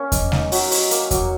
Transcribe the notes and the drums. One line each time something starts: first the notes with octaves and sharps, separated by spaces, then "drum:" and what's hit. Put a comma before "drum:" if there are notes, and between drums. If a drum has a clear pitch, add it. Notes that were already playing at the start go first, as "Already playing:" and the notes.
Already playing: A#3 C#4
D#5, drum: kick E2, hi-hat
D#4, drum: snare G3
F#3, drum: open hi-hat
C#5, drum: open hi-hat
A#3, drum: hi-hat
F#3, drum: kick E2, hi-hat